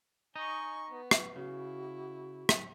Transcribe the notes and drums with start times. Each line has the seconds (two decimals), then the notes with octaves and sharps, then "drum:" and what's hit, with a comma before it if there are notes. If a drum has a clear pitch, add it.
0.36 D#4 D#5 G#5 C#6
0.88 B3
1.11 drum: rim click
1.36 C#3 E4 F#4
2.49 drum: rim click